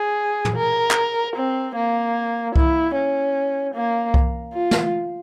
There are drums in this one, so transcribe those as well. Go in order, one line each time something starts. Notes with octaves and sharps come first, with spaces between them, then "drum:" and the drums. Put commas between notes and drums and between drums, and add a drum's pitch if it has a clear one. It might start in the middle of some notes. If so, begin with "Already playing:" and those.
Already playing: G#4
drum: tom
A#4
drum: clap
C4
A#3
E4, drum: kick C2
C#4
A#3
drum: kick C2
F4
drum: snare